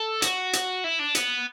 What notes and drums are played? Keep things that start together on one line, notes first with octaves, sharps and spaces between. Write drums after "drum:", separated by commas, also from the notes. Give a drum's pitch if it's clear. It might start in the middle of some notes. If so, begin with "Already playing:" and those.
Already playing: A4
F#4, drum: hi-hat
drum: hi-hat
E4
D4
B3, drum: hi-hat